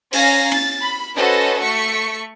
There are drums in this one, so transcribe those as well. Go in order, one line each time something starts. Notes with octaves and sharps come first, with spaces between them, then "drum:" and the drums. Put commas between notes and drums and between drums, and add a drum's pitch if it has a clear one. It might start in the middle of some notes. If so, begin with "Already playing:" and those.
C#4 F5 G#5 A#5 A#6, drum: open hi-hat
A6, drum: cymbal
B5
C#4 F#4 A4 B4 C5 D#5
A3 C#6 B6 C#7